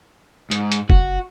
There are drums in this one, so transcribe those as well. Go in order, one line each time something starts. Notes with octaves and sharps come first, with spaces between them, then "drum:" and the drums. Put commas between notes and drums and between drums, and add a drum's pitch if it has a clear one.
G#2, drum: hi-hat
drum: hi-hat
F#1 F#4, drum: kick